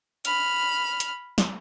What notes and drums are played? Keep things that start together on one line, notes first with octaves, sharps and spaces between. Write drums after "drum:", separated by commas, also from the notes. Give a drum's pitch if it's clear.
B5 F6, drum: hi-hat
drum: hi-hat
drum: snare